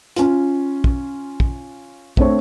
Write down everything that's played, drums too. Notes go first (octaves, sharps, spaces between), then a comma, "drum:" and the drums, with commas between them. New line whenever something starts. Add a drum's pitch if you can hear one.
C#4 F4, drum: hi-hat
drum: kick
drum: kick
A3 C4 D4 C#5, drum: kick